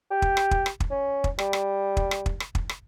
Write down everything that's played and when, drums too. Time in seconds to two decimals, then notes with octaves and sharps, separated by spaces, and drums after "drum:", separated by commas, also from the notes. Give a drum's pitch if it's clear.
0.11 G4
0.22 drum: kick
0.37 drum: rim click
0.51 drum: kick
0.66 drum: rim click
0.80 drum: kick
0.91 C#4
1.24 drum: kick
1.39 G3, drum: rim click
1.53 drum: rim click
1.97 drum: kick
2.11 drum: rim click
2.26 drum: kick
2.40 drum: rim click
2.55 drum: kick
2.69 drum: rim click